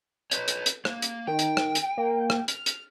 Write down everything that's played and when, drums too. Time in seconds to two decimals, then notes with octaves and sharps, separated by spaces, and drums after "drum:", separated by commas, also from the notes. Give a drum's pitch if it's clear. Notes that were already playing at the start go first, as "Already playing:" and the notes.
0.31 B4 C#5, drum: hi-hat
0.48 drum: hi-hat
0.66 drum: hi-hat
0.85 A#3, drum: rim click
1.02 drum: hi-hat
1.27 D#3 G5
1.39 drum: hi-hat
1.57 drum: rim click
1.75 drum: hi-hat
1.97 A#3
2.30 drum: rim click
2.48 F6, drum: hi-hat
2.66 drum: hi-hat